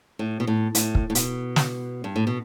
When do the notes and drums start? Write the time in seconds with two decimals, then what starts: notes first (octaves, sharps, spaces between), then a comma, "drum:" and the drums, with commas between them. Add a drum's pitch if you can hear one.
0.19 A2
0.40 B2
0.47 A2
0.75 A2, drum: hi-hat
0.95 drum: kick
1.10 A2
1.15 B2, drum: hi-hat
1.56 drum: snare
2.04 G2
2.16 A2
2.27 B2